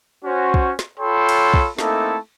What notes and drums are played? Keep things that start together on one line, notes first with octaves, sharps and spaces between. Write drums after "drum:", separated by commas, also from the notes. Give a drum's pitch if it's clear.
C#4 F#4 C5
drum: kick
drum: snare
F4 A4 C#5 G5 B5 C6
drum: cymbal
drum: kick
A3 A#3 C4 D#4 E4 A4, drum: snare